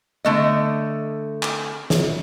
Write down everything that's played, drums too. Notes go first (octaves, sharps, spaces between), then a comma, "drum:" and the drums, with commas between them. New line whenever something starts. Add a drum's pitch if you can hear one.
D3 A3 D#5
drum: clap
drum: snare